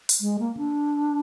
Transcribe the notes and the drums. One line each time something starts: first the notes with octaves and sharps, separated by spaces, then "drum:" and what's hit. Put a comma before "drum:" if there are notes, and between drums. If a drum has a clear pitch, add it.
drum: open hi-hat
G#3
A#3
D4